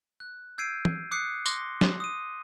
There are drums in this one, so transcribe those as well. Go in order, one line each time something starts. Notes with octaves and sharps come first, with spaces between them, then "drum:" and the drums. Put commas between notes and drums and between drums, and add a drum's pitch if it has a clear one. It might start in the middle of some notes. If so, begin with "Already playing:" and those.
F#6
E6 G6 G#6 C7 D7 D#7
drum: tom
D6 D#6 F#6 C7 C#7
C6 D6 A#6 G7, drum: tambourine
drum: snare
D#6 D#7